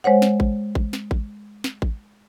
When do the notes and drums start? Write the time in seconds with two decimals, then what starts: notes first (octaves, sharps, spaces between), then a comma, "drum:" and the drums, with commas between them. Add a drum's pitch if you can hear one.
0.04 G#3 C5 C#5 F#5
0.22 drum: snare
0.40 drum: kick A1
0.75 drum: kick A1
0.93 drum: snare
1.11 drum: kick A1
1.64 drum: snare
1.82 drum: kick A1